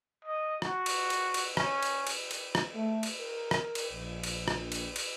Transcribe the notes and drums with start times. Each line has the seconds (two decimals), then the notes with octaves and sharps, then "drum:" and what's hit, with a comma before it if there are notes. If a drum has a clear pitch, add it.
0.25 D#5
0.62 F#4, drum: rim click
0.86 drum: cymbal
1.10 drum: cymbal
1.34 drum: cymbal
1.57 C#4, drum: rim click
1.83 drum: cymbal
2.07 drum: cymbal
2.31 drum: cymbal
2.55 drum: rim click
2.74 A3
3.03 drum: cymbal
3.19 A#4
3.51 drum: rim click
3.75 drum: cymbal
3.91 A#1
4.24 drum: cymbal
4.48 drum: rim click
4.72 drum: cymbal
4.96 drum: cymbal